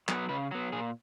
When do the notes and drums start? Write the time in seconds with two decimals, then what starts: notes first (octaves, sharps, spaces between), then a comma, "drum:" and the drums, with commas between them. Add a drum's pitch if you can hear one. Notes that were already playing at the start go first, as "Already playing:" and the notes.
0.08 F#3 B3, drum: clap
0.29 C#3 B4
0.51 F#3 B3
0.72 A#2 G#4